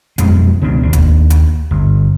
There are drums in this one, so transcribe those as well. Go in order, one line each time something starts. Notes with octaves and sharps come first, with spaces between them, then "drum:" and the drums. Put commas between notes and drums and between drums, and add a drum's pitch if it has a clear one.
B1 F2 G#3, drum: hi-hat
C#2 B2 D#3 D4
D#2 D4
drum: kick, hi-hat
drum: hi-hat
G1